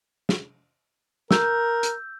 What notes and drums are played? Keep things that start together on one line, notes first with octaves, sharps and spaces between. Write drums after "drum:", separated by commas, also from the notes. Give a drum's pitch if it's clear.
drum: snare
A#4 E6 G6, drum: snare
drum: hi-hat